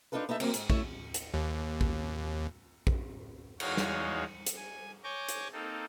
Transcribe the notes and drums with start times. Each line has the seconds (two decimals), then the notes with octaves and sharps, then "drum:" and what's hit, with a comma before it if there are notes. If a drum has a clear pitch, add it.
0.12 D4 D#4 F4 A4 B4
0.29 B3 D#4 A4 E5
0.40 D2 F#3 A#3 C4, drum: cymbal
0.54 G#2, drum: hi-hat
0.70 A3 E4 C#5, drum: kick
1.14 drum: hi-hat
1.34 D#2
1.81 drum: kick
2.87 drum: kick
3.60 E2 G#3 D#4 F#4 C#5 F5, drum: cymbal
3.77 drum: snare
4.47 drum: hi-hat
4.56 G#5
5.03 C#5 G#5 C#6 D6 G6 A#6
5.29 drum: hi-hat
5.53 A#3 C4 D#4 A4